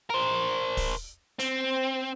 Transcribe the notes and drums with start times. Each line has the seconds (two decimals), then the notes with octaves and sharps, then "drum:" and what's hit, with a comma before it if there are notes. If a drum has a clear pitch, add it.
0.10 A#4 C5
0.77 drum: kick, open hi-hat
1.40 C4, drum: hi-hat